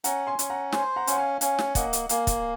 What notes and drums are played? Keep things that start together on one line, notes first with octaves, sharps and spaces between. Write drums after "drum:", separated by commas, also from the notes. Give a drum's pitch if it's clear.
C#4 F#5 A#5, drum: hi-hat
G#5 C6
C#4 G#5, drum: hi-hat
F#5 A#5
C5 G#5 C6, drum: snare
F#5 A#5
C#4 F#5, drum: hi-hat
F5 G#5
C#4 F5 G#5, drum: hi-hat
drum: snare
A#3 D#5 F#5, drum: kick, hi-hat
drum: hi-hat
A#3 F5 G#5, drum: hi-hat
drum: kick, hi-hat